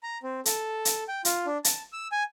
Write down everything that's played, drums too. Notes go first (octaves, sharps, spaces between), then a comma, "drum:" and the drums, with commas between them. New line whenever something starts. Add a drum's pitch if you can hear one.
A#5
C4
A4, drum: hi-hat
drum: hi-hat
G5
F4, drum: hi-hat
D4
A5, drum: hi-hat
E6
G#5